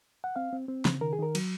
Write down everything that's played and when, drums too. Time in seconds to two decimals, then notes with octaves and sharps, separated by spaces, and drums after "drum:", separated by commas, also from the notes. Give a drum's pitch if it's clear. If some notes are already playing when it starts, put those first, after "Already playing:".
0.24 F#5
0.36 C4 F5
0.53 C4
0.68 C4
0.85 C#3, drum: snare
1.01 D#3 A#4
1.13 G#4
1.19 D#3 A#4
1.35 F#3, drum: cymbal